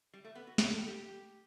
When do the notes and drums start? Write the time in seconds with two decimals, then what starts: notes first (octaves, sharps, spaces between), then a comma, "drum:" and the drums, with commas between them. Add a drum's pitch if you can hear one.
0.13 G3
0.24 A3
0.35 B3
0.47 F#4
0.58 G4, drum: snare
0.73 A4
0.88 G4